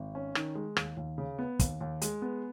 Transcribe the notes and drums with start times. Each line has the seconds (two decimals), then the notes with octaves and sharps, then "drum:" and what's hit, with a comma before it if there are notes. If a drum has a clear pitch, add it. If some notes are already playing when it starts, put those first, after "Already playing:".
Already playing: G#1
0.15 C#4
0.35 D#3, drum: rim click
0.55 G#3
0.77 D#2, drum: rim click
0.97 D#2
1.18 C#3
1.39 B3
1.59 D#2, drum: kick, hi-hat
1.81 D#2
2.02 G#3, drum: hi-hat
2.22 B3